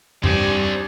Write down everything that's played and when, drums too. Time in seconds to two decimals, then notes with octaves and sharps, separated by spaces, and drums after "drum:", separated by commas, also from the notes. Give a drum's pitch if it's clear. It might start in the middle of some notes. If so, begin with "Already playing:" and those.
0.24 G2 C4 D#4 G4 D5 G#5, drum: tom E2